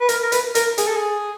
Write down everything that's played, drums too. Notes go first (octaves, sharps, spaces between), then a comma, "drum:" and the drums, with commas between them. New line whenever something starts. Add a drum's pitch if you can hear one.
B4
A#4, drum: hi-hat
A#4
B4, drum: hi-hat
A#4, drum: hi-hat
G#4, drum: hi-hat
A4
G#4